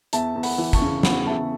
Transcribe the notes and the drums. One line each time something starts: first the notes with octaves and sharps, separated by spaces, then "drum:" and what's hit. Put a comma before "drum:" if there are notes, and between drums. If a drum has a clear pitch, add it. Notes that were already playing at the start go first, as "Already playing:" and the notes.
E2 E5 A5, drum: hi-hat
E2
F#5 B5, drum: open hi-hat
E3
A5 C#6, drum: kick, hi-hat
C#3
E2 F#5 B5, drum: snare
E2 E5 A5